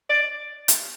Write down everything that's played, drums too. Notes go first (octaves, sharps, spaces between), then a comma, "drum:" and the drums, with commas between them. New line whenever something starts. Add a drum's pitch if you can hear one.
D5
drum: hi-hat